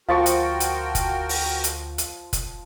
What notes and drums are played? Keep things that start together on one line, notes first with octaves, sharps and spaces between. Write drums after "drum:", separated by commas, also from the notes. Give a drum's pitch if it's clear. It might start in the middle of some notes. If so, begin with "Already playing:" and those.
D2 F3 F#4 A#4 F5 G5 A5 C#6
drum: hi-hat
drum: hi-hat
drum: kick, hi-hat
drum: open hi-hat
drum: hi-hat
drum: hi-hat
drum: kick, hi-hat